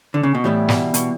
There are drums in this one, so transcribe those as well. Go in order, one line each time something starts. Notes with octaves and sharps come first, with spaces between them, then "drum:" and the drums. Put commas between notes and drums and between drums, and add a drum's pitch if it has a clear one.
D3
C#3
B2
A2 E3 G3 B3 E4
B2, drum: snare
B2, drum: hi-hat